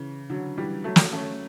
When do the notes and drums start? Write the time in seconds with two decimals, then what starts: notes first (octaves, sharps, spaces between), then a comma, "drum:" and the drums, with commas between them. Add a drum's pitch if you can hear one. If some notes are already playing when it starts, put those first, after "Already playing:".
Already playing: C#3 E3
0.30 D3 F#3
0.57 E3 G3
0.84 F#3 A3
0.96 drum: snare
1.12 A3 C#4